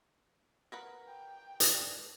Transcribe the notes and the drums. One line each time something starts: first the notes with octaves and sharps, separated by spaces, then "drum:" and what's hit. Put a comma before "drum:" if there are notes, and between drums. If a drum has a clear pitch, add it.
A#4 B4 F#5
G5
G#3 D4, drum: hi-hat